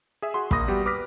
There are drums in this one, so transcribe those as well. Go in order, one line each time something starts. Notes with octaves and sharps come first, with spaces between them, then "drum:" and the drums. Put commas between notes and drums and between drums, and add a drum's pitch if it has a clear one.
G#4 E5
F#4 G#4 F#5 C6
A#1 A#3 B5 C#6 D#6 A#6, drum: kick
G3 B3 F#4 G4
B4 D6 D#6 F6 A#6 B6